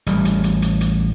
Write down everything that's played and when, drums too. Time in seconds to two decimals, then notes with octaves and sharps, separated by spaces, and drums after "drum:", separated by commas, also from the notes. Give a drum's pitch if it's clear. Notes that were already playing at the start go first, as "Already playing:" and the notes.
0.07 A1 G3, drum: hi-hat
0.25 drum: hi-hat
0.44 drum: hi-hat
0.62 drum: hi-hat
0.81 drum: hi-hat